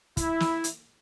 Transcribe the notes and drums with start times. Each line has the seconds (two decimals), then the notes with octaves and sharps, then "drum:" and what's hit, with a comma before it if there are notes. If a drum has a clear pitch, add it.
0.17 E4, drum: kick, hi-hat
0.40 drum: snare
0.64 drum: hi-hat